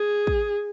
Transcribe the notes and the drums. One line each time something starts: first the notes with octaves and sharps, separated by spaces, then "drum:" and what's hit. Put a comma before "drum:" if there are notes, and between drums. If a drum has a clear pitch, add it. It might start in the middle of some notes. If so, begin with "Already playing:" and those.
Already playing: G#4
drum: kick